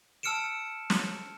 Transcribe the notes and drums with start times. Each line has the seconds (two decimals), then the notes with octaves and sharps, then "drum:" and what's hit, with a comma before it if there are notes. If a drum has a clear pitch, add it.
0.23 A5 E6 F6 C#7 D7 E7
0.90 drum: snare